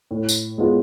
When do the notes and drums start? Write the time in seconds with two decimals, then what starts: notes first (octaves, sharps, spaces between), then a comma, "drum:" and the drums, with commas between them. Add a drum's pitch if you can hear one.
0.11 A2
0.29 drum: tambourine
0.58 G#3 B3 F4